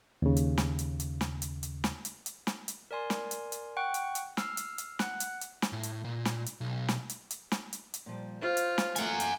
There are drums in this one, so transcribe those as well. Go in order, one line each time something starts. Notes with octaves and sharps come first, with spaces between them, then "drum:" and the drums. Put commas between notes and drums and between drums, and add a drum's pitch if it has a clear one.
D#2 C#3
drum: hi-hat
drum: snare
drum: hi-hat
drum: hi-hat
drum: snare
drum: hi-hat
drum: hi-hat
drum: snare
drum: hi-hat
drum: hi-hat
drum: snare
drum: hi-hat
A#4 D5 G#5 C6
drum: snare
drum: hi-hat
drum: hi-hat
F#5 G5 C#6 F#6
drum: hi-hat
drum: hi-hat
E6 F6 C7, drum: snare
drum: hi-hat
drum: hi-hat
F#5 F#6, drum: snare
drum: hi-hat
drum: hi-hat
drum: snare
A2
drum: hi-hat
A#2
drum: snare
drum: hi-hat
B1
drum: snare
drum: hi-hat
drum: hi-hat
drum: snare
drum: hi-hat
drum: hi-hat
A#2 F3 G3
F4 G4 C5 C#5
drum: hi-hat
drum: snare
E3 A3 A#3 F#5 G#5, drum: hi-hat
drum: hi-hat